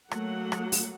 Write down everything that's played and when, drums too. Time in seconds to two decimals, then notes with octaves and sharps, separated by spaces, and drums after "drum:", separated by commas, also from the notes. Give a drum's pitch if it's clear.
0.11 F#3 A3 A#3 F#5, drum: rim click
0.52 drum: rim click
0.72 drum: open hi-hat